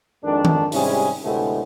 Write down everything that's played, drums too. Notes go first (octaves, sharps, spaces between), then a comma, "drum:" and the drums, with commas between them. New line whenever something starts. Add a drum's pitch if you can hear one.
F2 D#3 G#3 D4
drum: tom D#3
G#2 C3 G3 C#4 E4 G#4, drum: open hi-hat
D2 A2 C3 G#3 A3 B3